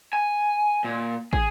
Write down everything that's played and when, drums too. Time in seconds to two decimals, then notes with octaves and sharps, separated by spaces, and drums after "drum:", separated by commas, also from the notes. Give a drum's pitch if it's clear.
0.13 G#5
0.84 A#2
1.33 G#4, drum: kick